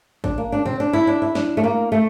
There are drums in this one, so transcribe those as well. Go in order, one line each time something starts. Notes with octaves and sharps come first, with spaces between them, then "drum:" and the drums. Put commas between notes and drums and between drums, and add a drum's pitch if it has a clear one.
D4, drum: kick G#1
A#3
D4
C4, drum: tom A2
D4
E4
D4
E4
D4, drum: snare
A3
A#3
A3